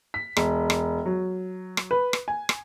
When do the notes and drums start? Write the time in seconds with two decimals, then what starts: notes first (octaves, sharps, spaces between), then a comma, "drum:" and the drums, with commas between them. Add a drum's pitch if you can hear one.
0.14 B6
0.36 E1, drum: rim click
0.70 drum: rim click
1.06 F#3
1.77 drum: rim click
1.91 B4
2.13 drum: rim click
2.28 G#5
2.49 drum: rim click